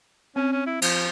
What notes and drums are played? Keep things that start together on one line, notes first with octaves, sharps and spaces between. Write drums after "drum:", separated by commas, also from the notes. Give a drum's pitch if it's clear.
C4 C#4
C#4
E4
F3, drum: cymbal